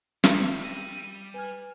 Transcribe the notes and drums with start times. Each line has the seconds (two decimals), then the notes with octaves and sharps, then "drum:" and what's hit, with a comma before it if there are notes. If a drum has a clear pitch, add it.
0.24 G3 A#4 E5 F5, drum: snare
0.63 E6 A#6 D#7 E7
1.34 B4 G#5 F6